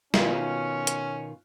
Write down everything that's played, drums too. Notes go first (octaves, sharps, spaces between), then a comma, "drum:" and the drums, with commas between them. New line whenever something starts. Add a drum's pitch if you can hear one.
B2 D#3 C#4 F4 B4, drum: snare
drum: hi-hat